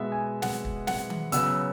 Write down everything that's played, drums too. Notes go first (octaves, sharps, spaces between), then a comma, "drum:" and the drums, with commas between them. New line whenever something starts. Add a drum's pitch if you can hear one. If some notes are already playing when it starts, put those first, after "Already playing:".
Already playing: B2 G#3 B3 E5
G#5
F#5, drum: snare
drum: kick
F#5, drum: snare
drum: tom D#3
C#3 F#3 B3 E6, drum: hi-hat